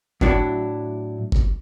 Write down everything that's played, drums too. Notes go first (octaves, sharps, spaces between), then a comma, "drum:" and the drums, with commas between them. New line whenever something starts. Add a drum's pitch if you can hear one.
A2 F#3 D4 E4, drum: kick
drum: kick